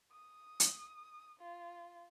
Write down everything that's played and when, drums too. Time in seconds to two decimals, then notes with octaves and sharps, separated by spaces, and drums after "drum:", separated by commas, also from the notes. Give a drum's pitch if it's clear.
0.12 D#6
0.60 drum: hi-hat
1.39 F4